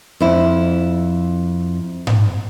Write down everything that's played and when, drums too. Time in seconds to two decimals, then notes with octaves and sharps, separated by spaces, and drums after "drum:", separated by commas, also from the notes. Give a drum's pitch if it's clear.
0.20 F2 E4
2.07 drum: tom G#2